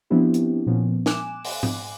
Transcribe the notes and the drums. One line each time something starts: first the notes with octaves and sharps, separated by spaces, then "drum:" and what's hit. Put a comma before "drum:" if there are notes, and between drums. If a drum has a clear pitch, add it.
F3 B3 C4 D4 E4 G4
drum: hi-hat
A#2 F3 B3 C#4
G#5 D6 F#6 E7, drum: snare
drum: open hi-hat
drum: tom G#2